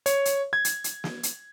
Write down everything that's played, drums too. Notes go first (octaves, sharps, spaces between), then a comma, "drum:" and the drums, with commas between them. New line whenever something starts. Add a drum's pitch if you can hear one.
C#5, drum: hi-hat
drum: hi-hat
G#6
drum: hi-hat
drum: hi-hat
drum: snare
drum: hi-hat